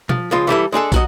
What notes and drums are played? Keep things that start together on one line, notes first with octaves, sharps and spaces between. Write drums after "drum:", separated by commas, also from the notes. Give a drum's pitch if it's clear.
F3, drum: tom B2
C#2 F3 G#3 F4
E3 G3 E4 A4
G#3 D4 G#4 A4
F#3 F#4 D#5, drum: kick, tambourine